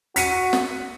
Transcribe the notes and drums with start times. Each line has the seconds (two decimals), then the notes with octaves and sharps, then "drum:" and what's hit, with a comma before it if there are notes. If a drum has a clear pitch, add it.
0.16 F#4 B6 C#7 D#7, drum: hi-hat
0.53 drum: snare